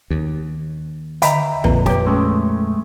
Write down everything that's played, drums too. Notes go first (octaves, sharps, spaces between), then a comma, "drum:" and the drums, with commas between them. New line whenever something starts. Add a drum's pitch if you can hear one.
D#2
D3 D#5 E5 G5 A#5 B5, drum: hi-hat
F2 A#2 C4 B4, drum: tom
G4 B4 C#5, drum: snare
G#3 A3 C#4 B4